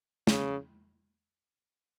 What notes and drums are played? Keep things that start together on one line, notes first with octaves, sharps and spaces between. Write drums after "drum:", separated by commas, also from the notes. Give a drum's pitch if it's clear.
C#3, drum: snare